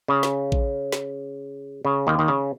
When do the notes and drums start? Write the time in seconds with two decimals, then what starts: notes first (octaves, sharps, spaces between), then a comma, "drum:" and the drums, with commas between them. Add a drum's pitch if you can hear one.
0.08 C#3
0.23 drum: snare
0.52 drum: kick A1
0.92 drum: snare
1.85 C#3
2.07 D#2 D#3
2.19 D#3
2.28 C#3